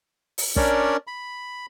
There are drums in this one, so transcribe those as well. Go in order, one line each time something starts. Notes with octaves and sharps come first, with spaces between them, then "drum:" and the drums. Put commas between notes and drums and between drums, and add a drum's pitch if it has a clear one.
drum: open hi-hat
C#4 D4 A#4 C#5 D5, drum: kick
B5